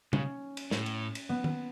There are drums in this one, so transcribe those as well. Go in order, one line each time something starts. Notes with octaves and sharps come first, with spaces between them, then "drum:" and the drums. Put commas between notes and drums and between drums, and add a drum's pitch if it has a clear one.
C#3 C#4, drum: tom B2
drum: cymbal
A2, drum: snare
drum: cymbal
drum: cymbal
B3
drum: tom D#3